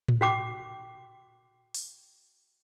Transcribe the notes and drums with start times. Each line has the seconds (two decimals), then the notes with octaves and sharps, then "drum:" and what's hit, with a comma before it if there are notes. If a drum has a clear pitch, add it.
0.08 drum: tom A2
0.21 F#4 G5 D6
1.75 drum: open hi-hat